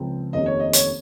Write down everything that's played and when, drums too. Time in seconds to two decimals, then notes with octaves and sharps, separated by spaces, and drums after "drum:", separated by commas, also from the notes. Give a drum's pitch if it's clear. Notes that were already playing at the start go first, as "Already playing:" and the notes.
Already playing: C#2 C#3 F3 C4 F4
0.33 F1 D#2 D#3 A#3 C#4 D#5
0.46 C#5
0.60 D#5
0.73 C#5, drum: hi-hat